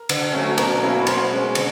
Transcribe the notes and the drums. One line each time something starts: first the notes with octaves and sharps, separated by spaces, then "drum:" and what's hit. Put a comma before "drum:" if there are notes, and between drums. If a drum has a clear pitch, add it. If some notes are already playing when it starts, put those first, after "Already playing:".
Already playing: A#4
D3, drum: cymbal
F#3 A3 C#4
B2 A#4 A#5, drum: cymbal
F#3 A#3 C#4 E4
B5
B2 C5 C6, drum: cymbal
G#3 C#4
D3, drum: cymbal